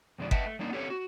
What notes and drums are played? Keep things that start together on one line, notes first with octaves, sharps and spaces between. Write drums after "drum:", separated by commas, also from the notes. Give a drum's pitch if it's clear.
F2 B2 D3 G#3 D5
B4 D#5 E5 F#5 G5 A5, drum: kick G1
A3
G3 A#3 D4 D#4
B3 C4 G4 A4 C#5
F#4